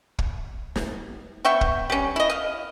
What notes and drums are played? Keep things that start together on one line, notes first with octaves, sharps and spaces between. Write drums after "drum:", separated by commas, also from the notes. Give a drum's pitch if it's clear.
drum: kick
drum: snare
B3 E5 G5 C#6
drum: kick
G3 C#4
E4 D#5
D#5 F5